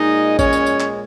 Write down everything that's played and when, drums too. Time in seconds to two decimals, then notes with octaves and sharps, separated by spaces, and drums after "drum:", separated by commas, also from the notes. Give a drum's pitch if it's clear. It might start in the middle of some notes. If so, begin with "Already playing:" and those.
Already playing: A#2 G#3 D#4 D#5
0.39 C#4 C#5, drum: kick, tambourine
0.53 drum: tambourine
0.66 drum: tambourine
0.80 drum: clap